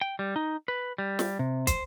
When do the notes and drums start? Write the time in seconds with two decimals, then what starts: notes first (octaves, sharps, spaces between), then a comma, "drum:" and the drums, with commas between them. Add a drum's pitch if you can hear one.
0.01 G5
0.19 G3
0.36 D#4
0.68 B4
0.98 G3
1.19 drum: snare
1.39 C3
1.67 C5, drum: kick, hi-hat